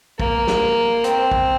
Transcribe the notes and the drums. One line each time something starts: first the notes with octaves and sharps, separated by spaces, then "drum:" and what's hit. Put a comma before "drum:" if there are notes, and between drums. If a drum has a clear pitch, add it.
A#3, drum: kick
drum: snare
C4, drum: hi-hat
drum: kick